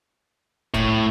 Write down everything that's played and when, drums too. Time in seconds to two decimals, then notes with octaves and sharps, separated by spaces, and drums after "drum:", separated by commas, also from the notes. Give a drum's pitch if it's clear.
0.74 A2, drum: kick, hi-hat